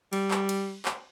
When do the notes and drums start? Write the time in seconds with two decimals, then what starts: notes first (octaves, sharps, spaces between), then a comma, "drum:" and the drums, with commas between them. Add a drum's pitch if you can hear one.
0.13 G3, drum: cymbal
0.31 drum: clap
0.49 drum: cymbal
0.85 drum: clap